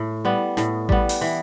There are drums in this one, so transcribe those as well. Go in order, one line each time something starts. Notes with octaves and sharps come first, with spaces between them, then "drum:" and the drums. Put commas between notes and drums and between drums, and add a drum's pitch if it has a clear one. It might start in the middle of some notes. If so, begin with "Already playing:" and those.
Already playing: A2
G3 B3
A2, drum: snare
G3 B3, drum: kick A1
drum: open hi-hat
E3